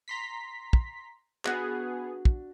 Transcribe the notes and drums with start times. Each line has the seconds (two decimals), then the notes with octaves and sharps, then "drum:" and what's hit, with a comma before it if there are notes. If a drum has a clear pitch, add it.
0.08 A#5 C6 B6
0.73 drum: kick
1.45 B3 D4 F#4 G#4 D#6, drum: clap
2.25 drum: kick